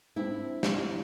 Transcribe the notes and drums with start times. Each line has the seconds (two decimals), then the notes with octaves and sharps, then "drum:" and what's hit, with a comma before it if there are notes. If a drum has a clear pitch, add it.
0.16 C4 D4 E4
0.63 drum: snare